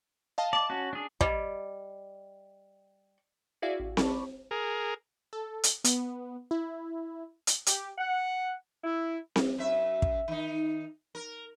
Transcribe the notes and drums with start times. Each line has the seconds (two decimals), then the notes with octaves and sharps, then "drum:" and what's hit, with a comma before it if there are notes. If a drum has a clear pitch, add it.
0.38 D#5 F5 A5
0.53 D5 A5
0.70 C#4 F#4
0.93 D4 G#4
1.21 G3 D5 D#5 D6, drum: kick
3.62 E4 F#4 G#4 D5 E5 F5
3.80 A1
3.97 D5 A5 B5 C#6 D6, drum: snare C4
4.51 G#4 A#4
5.33 A4
5.63 drum: hi-hat
5.84 B3, drum: hi-hat
6.51 E4
7.47 drum: hi-hat
7.66 G4, drum: hi-hat
7.97 F#5
8.83 E4
9.36 drum: snare C4
9.58 F#2 E5
10.02 drum: kick
10.28 D#3 D#4
11.15 A#4